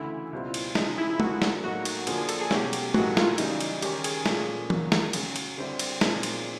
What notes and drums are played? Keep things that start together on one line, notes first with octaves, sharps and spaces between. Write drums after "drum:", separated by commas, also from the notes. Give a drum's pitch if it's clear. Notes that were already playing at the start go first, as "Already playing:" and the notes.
Already playing: D2 C#3 E3 A3 E4
C#2 B2 G3 C4 F4
drum: cymbal
C#3 F3 G#3 D#4, drum: snare
E4
D3 F3 A#3 D#4 F#4 G#4, drum: tom
drum: snare
A2 F#3 A#3 D#4 F#4
drum: cymbal
D3 F3 A#3 D4 G#4, drum: cymbal
G#4
A4, drum: cymbal
G#4
B2 F#3 A3 C#4 G4, drum: snare
drum: cymbal
A2 F#3 A#3 D#4 F#4 G#4, drum: tom
F#4
F4, drum: snare
E4
C#3 E3 G3 D#4, drum: cymbal
drum: cymbal
D#3 G#3 C#4 G4, drum: cymbal
G#4, drum: cymbal
A#2 F3 A3 C#4, drum: snare
D#3 F#3 A#3, drum: tom
drum: snare
F#2 C#3 F#3, drum: cymbal
drum: cymbal
D3 G3 C4 E4 G4
drum: cymbal
A#2 F3 G#3 C4 D#4, drum: snare
drum: cymbal